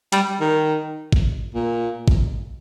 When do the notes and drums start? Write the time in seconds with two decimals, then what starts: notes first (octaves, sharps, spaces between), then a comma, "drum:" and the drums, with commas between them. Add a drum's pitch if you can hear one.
0.12 G3, drum: hi-hat
0.40 D#3
1.13 drum: kick G#1
1.55 A#2
2.08 drum: kick G#1